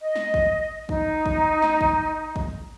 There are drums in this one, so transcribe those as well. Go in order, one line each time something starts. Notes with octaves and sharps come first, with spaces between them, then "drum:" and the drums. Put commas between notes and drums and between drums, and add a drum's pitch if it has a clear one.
D#5
drum: snare
drum: kick
D#4, drum: kick
drum: kick
drum: snare
drum: kick
drum: kick